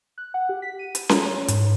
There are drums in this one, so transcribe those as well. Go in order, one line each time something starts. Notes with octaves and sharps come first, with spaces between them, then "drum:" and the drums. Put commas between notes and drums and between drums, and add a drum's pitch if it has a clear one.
F#6
F#5
G4
B6
D#7
drum: hi-hat
A#5, drum: snare C#4
C#5
G#2, drum: hi-hat